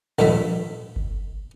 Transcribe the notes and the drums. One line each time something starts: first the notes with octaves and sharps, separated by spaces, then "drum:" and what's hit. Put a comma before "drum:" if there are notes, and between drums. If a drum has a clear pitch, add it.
A#1 D#2 G#2 A3 E5, drum: cymbal
drum: kick G1